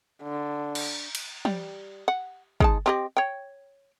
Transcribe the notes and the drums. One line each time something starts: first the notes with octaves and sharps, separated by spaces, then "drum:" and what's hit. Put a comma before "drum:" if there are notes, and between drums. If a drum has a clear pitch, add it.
D3
drum: cymbal
drum: cymbal
G3, drum: tom
F#5
G#3 D#4 A5, drum: kick
C4 G4 D#5
C#5 G5